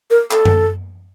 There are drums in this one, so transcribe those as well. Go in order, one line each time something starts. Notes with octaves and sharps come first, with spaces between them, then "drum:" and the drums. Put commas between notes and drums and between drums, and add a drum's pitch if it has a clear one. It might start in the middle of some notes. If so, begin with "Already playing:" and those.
A#4
A4, drum: clap
drum: tom F#2